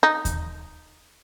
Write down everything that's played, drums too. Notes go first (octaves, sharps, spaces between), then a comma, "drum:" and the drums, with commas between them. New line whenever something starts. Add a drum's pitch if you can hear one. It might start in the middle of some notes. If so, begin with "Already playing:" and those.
D#4
drum: kick D#2, hi-hat